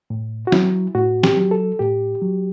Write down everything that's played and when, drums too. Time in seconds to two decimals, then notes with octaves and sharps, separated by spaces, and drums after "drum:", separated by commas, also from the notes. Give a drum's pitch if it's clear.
0.10 A2
0.47 F#4
0.52 F#3 E4, drum: snare
0.95 A2 F#4
1.23 G4, drum: snare
1.37 F#3
1.51 A4
1.79 A2 G4
2.22 F#3